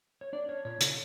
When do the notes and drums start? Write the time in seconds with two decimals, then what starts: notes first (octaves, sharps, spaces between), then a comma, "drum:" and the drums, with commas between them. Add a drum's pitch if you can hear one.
0.21 C#5
0.33 D4 D5
0.49 D4 C#5
0.65 A#2 C#5
0.81 C#3, drum: hi-hat